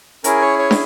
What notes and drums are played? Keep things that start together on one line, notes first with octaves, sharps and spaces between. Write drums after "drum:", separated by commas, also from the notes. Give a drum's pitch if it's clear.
C#4 E4 G#4 A#4, drum: hi-hat
C#5
C#5
drum: snare